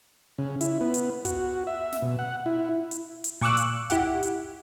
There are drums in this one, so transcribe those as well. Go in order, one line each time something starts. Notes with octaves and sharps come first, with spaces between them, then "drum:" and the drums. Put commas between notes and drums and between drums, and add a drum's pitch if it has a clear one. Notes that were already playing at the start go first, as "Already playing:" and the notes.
C#3
E4, drum: hi-hat
B3
drum: hi-hat
F#4, drum: kick, hi-hat
E5
drum: snare
B2
F#5
E4
drum: hi-hat
drum: hi-hat
A#2 C#6 D6 E6 F#6
drum: hi-hat
E4 G4 F#5, drum: kick, hi-hat
drum: hi-hat